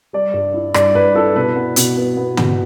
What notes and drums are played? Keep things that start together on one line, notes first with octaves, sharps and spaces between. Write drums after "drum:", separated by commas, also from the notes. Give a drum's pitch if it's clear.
G3 D5
G2
E4
G2 D5, drum: rim click
G2 B4
E4 A4
B2 B4
B3
B2, drum: hi-hat
B3
B3
B2, drum: tom